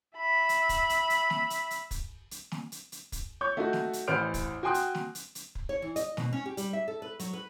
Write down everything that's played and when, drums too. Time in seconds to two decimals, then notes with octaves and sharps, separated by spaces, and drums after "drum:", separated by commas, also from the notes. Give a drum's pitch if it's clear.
0.17 E5 B5
0.49 drum: hi-hat
0.69 drum: kick, hi-hat
0.89 drum: hi-hat
1.10 drum: hi-hat
1.30 drum: snare
1.50 drum: hi-hat
1.71 drum: hi-hat
1.91 drum: kick, hi-hat
2.31 drum: hi-hat
2.52 drum: snare
2.72 drum: hi-hat
2.92 drum: hi-hat
3.12 drum: kick, hi-hat
3.41 C#5 C#6 G6
3.57 A3 D#4 F#4
3.73 drum: snare
3.93 drum: hi-hat
4.08 A1 E3 B4 C5 F6 D7
4.34 drum: kick, hi-hat
4.63 F#4 G5 G#5 C6 D#6 F#6
4.74 drum: hi-hat
4.95 drum: snare
5.15 drum: hi-hat
5.35 drum: hi-hat
5.55 drum: kick
5.69 C#5
5.82 E3
5.96 D#5, drum: hi-hat
6.17 B2, drum: snare
6.33 C#4
6.46 G4
6.57 G3, drum: hi-hat
6.73 E5
6.88 A4
7.02 B4
7.20 F#3, drum: hi-hat
7.33 B4